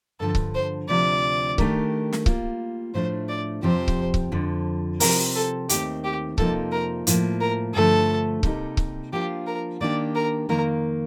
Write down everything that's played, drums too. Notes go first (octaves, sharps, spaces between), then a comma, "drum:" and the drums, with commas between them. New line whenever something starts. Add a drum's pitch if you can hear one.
G2 D3 F3 A4
drum: kick C#1
C5
D2 C3 F3 D5
D#3 A3 D4 G4 A#4, drum: kick C#1
drum: snare
G3 A#3 F4, drum: kick C#1
A2 F3 A3 D4 C5
D5
F2 C3 F3 C4 G4 C5
drum: kick C#1
drum: kick C#1
F2 D3 F3
C3 F3 C4 A#4, drum: open hi-hat
A4
D#2 D#3 A3 C4 G4, drum: hi-hat
G4
F2 C3 F3 A#3 D#4 A4, drum: kick C#1
A#4
A2 F3 A#3, drum: hi-hat
A#4
G2 D3 F3 A3 A4
C3 G3 A#3 D#4 A4, drum: kick C#1
drum: kick C#1
F3 A#3 D4 F4 G4
A#4
D#3 A#3 D4 G4 D5
A#4
F2 D#3 A#3 A#4